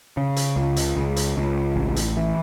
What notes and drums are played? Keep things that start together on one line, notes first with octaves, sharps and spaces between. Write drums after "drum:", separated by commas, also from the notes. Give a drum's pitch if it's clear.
C#3
drum: hi-hat
C#2
drum: hi-hat
C#2
drum: hi-hat
C#2
A1
drum: hi-hat
E3